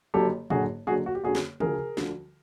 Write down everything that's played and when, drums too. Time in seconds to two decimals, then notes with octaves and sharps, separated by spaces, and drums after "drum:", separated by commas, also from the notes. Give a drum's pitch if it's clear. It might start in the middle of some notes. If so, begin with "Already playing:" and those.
0.14 F#1 F#2 D3 G4 A4
0.50 F#1 F#2 D3 F#4 G#4, drum: tom
0.87 F#1 F#2 D3 F#4 G#4
1.06 F#4
1.15 G4
1.24 F#1 F#2 D3 F#4 G#4
1.35 drum: snare
1.60 D2 D3 F3 G#4 A#4, drum: tom
1.97 D2 D3 F3, drum: snare